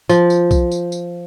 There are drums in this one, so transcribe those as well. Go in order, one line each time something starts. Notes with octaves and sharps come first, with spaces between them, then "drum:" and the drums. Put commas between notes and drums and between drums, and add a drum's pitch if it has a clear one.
F3, drum: tambourine
drum: tambourine
drum: kick B1, tambourine
drum: tambourine
drum: tambourine